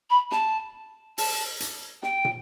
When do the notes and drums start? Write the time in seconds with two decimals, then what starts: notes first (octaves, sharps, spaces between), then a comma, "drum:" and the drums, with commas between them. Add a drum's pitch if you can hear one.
0.10 B5
0.31 A5, drum: snare
1.18 A5, drum: open hi-hat
1.60 drum: hi-hat
2.03 G5, drum: snare
2.25 drum: tom